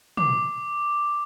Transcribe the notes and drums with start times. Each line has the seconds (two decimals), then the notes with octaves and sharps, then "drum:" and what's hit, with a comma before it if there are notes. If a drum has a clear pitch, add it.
0.17 D6, drum: tom